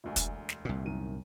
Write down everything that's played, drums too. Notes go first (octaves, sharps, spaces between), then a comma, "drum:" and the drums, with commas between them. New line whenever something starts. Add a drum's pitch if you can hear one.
E1 D2 G#5
drum: kick, hi-hat
drum: snare
C2 A#2
F#2 D#3 D#7